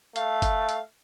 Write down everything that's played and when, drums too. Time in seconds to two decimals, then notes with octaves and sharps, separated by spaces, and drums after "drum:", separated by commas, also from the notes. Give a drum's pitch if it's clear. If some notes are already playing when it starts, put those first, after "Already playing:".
0.16 A3 F5, drum: hi-hat
0.42 drum: kick, hi-hat
0.69 drum: hi-hat